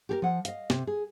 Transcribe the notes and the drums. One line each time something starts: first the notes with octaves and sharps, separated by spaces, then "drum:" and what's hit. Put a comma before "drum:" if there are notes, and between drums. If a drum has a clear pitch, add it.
G4 G#4 A#4
F3 F#5
D#5 F5, drum: hi-hat
C3, drum: snare
G#4